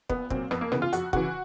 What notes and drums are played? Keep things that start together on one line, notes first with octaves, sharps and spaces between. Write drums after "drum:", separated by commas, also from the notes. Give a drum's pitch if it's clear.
A#1 B3, drum: kick
A#2 F#3 C4, drum: kick
F2 B3, drum: rim click
A#3
C#3 E3 B3, drum: rim click
F4
F2 F#4, drum: hi-hat
C#3 E3 F#4, drum: kick